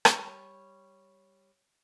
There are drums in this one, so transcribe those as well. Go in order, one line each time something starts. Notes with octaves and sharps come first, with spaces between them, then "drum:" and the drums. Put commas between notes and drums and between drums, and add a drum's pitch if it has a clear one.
G3 C#5, drum: rim click